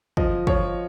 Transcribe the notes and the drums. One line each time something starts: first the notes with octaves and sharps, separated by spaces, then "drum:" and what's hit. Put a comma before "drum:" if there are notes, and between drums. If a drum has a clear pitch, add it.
F3 D#5, drum: kick
F3 C#5, drum: kick